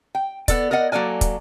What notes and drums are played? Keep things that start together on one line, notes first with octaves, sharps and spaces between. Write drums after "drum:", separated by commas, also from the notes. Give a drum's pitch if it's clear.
G5
B3 A4 D5, drum: kick, hi-hat
A#4 D5 D#5 F#5
F#3 A#3 A4 D5 G#5
drum: kick, hi-hat